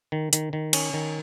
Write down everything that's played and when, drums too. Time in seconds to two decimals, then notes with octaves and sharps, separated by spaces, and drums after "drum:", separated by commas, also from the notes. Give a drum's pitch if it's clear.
0.12 D#3
0.33 D#3, drum: hi-hat
0.53 D#3
0.73 C#4, drum: cymbal
0.93 D#3